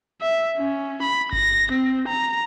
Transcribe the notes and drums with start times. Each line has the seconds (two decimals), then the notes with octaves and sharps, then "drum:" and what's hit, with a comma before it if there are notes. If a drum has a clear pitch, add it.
0.21 E5
0.58 C#4
1.03 B5
1.33 A#6, drum: kick G1
1.72 C4
2.08 A#5